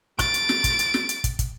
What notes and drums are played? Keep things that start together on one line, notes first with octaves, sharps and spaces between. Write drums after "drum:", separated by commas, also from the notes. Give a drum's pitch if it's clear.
A6 D7, drum: kick, hi-hat
drum: hi-hat
drum: snare
drum: kick, hi-hat
drum: hi-hat
drum: snare
drum: hi-hat
drum: kick, hi-hat
drum: kick, hi-hat